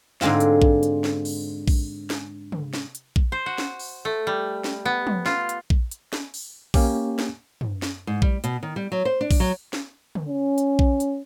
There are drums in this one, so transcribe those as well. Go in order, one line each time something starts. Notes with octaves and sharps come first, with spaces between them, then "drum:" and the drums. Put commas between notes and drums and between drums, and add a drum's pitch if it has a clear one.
G#2 D3 G#3 C4 F4, drum: snare
drum: hi-hat
drum: kick A#1
drum: hi-hat
drum: snare
drum: open hi-hat
drum: kick A#1, open hi-hat
drum: snare
drum: tom
drum: snare
drum: hi-hat
drum: kick A#1
C5
F#4
drum: snare
drum: open hi-hat
A3
G3
drum: snare
B3
drum: tom
F4, drum: snare
drum: hi-hat
drum: kick A#1
drum: hi-hat
drum: snare
drum: open hi-hat
A#3 C#4 G4, drum: kick A#1, open hi-hat
drum: snare
drum: tom
drum: snare
G#2
G3, drum: kick A#1
B2, drum: hi-hat
D#3
G3
F#3
C5
D4
drum: kick A#1, open hi-hat
F#3
drum: snare
drum: tom
C#4
drum: hi-hat
drum: kick A#1
drum: hi-hat